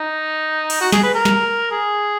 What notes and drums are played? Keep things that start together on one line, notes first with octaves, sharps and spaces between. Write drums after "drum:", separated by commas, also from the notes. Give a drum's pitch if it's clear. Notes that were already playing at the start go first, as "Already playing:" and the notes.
Already playing: D#4
drum: cymbal
F#4
G#4, drum: snare
B4
A#4
drum: snare
G#4